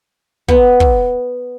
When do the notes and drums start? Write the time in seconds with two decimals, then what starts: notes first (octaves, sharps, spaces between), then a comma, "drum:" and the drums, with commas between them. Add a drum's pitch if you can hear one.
0.48 B3, drum: kick
0.80 drum: kick